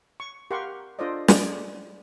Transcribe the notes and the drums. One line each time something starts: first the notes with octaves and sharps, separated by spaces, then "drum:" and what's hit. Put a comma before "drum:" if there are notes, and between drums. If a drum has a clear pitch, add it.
C#6
G4 A#4 F5 F#5 C6 C#6
D4 F4 A4 C5 D5 D#5
G#4 D5, drum: snare